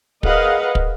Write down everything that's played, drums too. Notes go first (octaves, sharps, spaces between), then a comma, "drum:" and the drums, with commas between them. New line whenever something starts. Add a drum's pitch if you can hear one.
G#4 A#4 B4 D#5 F5 F#5, drum: kick
drum: kick